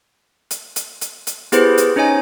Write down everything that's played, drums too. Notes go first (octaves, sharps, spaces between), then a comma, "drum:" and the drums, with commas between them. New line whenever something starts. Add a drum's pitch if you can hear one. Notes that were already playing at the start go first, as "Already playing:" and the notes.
drum: hi-hat
drum: hi-hat
drum: hi-hat
drum: hi-hat
B3 E4 G4 G#4 B4 C5, drum: hi-hat
drum: hi-hat
C#4 D#4 C#5 D#5 G#5